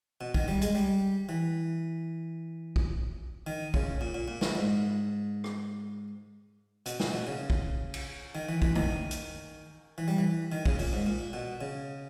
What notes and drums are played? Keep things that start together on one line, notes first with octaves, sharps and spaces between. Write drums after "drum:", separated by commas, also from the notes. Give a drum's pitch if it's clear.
B2
D#3, drum: kick
G3
G#3, drum: hi-hat
G3
E3
drum: kick
D#3
C#3, drum: kick
A#2
A#2
A#2
A#2, drum: snare
G#2
drum: rim click
B2, drum: hi-hat
A#2, drum: snare
B2
C#3
drum: kick
drum: cymbal
D#3
E3
E3, drum: kick
D#3, drum: tom E2
drum: hi-hat
E3
G3
E3
D#3
C#3, drum: kick
A#2, drum: open hi-hat
G#2
A#2
B2
C#3